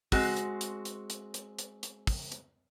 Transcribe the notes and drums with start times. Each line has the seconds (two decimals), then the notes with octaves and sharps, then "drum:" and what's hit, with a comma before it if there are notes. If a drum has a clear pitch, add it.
0.12 G#3 C4 F#4, drum: kick, open hi-hat
0.36 drum: hi-hat
0.61 drum: hi-hat
0.85 drum: hi-hat
1.10 drum: hi-hat
1.34 drum: hi-hat
1.59 drum: hi-hat
1.83 drum: hi-hat
2.07 drum: kick, open hi-hat
2.32 drum: hi-hat